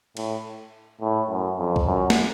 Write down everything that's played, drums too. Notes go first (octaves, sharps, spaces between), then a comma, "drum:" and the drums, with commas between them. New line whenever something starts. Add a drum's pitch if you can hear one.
A2, drum: cymbal
A2
F#2
F2
drum: kick
F#2
drum: snare